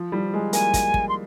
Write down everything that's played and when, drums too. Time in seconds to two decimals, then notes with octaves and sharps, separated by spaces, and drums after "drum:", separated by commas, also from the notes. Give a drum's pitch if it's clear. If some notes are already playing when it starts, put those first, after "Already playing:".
Already playing: F3
0.12 G3
0.34 G#3
0.53 A#3 G#5, drum: hi-hat
0.74 drum: kick, hi-hat
0.94 drum: kick
1.09 C6